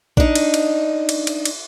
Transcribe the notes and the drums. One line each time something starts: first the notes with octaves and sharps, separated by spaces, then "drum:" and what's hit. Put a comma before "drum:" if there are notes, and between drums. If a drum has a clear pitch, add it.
D4 D#4, drum: kick A#1
drum: cymbal
drum: cymbal
drum: cymbal
drum: cymbal
drum: cymbal